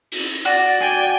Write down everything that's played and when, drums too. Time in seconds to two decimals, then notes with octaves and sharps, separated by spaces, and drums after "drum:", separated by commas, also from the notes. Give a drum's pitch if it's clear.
0.12 drum: open hi-hat
0.45 F#4 D5
0.81 G5 G#5